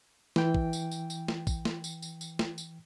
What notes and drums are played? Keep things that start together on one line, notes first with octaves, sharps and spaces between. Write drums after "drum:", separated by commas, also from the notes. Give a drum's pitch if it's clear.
E3 G5, drum: snare
drum: kick
drum: tambourine
drum: tambourine
drum: tambourine
drum: snare
drum: kick, tambourine
drum: snare
drum: tambourine
drum: tambourine
drum: tambourine
drum: snare
drum: tambourine